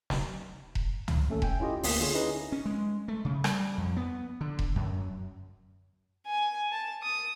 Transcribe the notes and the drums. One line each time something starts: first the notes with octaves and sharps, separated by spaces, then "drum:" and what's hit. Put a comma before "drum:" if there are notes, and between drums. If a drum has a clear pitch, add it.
drum: snare
drum: kick E1
drum: tom
D#2 A3 C#4 A4
G5 G#5, drum: kick E1
C#4 E4 F4 G4 D#5
D2 A#3 B3 D#6 B6, drum: open hi-hat
D3 F4 G#4 C#5
C#4 D#4 E4 G#4 B4 D#5
C#4
G#3
A3
C#3
G3, drum: rim click
F2
B3
D3
drum: kick E1
F#2
G#5
A5
D#6